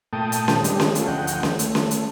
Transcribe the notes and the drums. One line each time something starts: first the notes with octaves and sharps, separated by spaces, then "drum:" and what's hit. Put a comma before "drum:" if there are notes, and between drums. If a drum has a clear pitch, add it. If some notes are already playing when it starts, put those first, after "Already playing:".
A#2 A3 G5 A5 D#6
drum: hi-hat
drum: snare C#4
G3 G#3 D4 G4 A4 D#5, drum: hi-hat
drum: snare C#4
A3 C#4 F4 G#4 A4, drum: hi-hat
D2 F3 D#5 F#5 G5
drum: hi-hat
drum: snare C#4
A3, drum: hi-hat
drum: snare C#4
drum: hi-hat